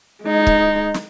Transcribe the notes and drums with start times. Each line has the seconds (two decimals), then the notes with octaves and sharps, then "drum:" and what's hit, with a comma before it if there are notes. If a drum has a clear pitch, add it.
0.23 G#3 D#4
0.47 drum: kick
0.94 drum: snare